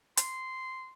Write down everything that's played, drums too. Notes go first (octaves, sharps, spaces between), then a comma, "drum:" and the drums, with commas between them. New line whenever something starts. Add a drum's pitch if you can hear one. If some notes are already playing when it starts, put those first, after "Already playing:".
C6, drum: hi-hat